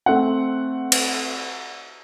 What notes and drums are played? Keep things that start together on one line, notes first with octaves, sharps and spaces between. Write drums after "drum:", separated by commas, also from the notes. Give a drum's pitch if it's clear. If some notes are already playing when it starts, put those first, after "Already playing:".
A3 C4 F#5
drum: cymbal